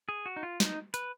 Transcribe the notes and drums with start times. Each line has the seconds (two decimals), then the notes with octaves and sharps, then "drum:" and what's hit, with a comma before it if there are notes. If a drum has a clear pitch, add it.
0.09 G#4
0.26 F#4
0.36 D#4
0.43 F4
0.60 D#4, drum: snare
0.94 B4, drum: hi-hat